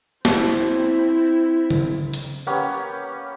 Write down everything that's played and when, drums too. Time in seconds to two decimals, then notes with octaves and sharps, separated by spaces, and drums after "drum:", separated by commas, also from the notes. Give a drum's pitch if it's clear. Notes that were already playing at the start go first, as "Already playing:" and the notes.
0.25 C4 E4, drum: snare
1.70 drum: tom C#3
2.14 drum: hi-hat
2.47 A#3 B3 C#4 G4